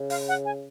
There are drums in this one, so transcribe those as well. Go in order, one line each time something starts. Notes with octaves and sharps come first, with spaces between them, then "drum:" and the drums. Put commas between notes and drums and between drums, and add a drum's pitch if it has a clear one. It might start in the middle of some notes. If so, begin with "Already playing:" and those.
Already playing: C#3
F5, drum: open hi-hat
F#5
G#5